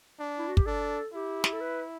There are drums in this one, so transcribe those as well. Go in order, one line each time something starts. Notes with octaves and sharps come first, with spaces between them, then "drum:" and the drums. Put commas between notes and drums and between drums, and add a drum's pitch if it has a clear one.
D4
E4
F#4
G4, drum: kick
D4 A4
E4 G4
G4, drum: snare
A4
B4